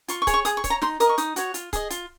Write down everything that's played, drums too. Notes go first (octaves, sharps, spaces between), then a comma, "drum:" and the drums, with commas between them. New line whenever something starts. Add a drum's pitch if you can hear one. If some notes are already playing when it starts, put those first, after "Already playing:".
F4 C#6, drum: hi-hat
C#6
G#4 C#5, drum: kick C#1, hi-hat
C#6
G#4 D#6, drum: hi-hat
C#6
C#5, drum: kick C#1, hi-hat
A#5
D#4 C6, drum: snare
A#4 D#5 D#6, drum: hi-hat
C#6
D#4 D#6, drum: hi-hat
F#4 C#5, drum: hi-hat
F4, drum: hi-hat
G#4 D#5, drum: kick C#1, hi-hat
F4, drum: hi-hat